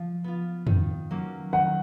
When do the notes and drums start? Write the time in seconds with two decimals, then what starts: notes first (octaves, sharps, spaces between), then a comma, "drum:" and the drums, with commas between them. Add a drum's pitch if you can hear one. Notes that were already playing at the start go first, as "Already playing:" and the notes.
Already playing: F3 F4
0.24 B3 F4
0.67 D#3, drum: tom
1.11 F#3 A#3 C#4
1.53 D#3 F#5